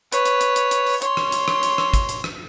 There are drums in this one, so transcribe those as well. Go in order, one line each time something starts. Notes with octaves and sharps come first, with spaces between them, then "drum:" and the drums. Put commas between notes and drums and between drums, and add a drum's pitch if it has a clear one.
B4 C#5, drum: hi-hat
drum: hi-hat
drum: hi-hat
drum: hi-hat
drum: hi-hat
drum: open hi-hat
C#5 C6, drum: hi-hat
drum: rim click
drum: hi-hat
drum: rim click
drum: hi-hat
drum: rim click
drum: kick, hi-hat
drum: hi-hat
drum: rim click